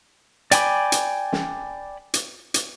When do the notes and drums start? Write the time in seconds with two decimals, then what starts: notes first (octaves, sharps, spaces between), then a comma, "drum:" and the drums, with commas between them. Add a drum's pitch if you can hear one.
0.51 D5 G5 G#5 B5 D6, drum: hi-hat
0.92 drum: hi-hat
1.33 drum: snare
2.14 drum: hi-hat
2.54 drum: hi-hat